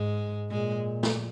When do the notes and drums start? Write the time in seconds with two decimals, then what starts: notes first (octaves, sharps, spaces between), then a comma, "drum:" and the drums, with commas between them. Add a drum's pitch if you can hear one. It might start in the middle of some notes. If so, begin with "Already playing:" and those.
Already playing: G#2 G#3
0.51 A#2 G#3
1.03 drum: snare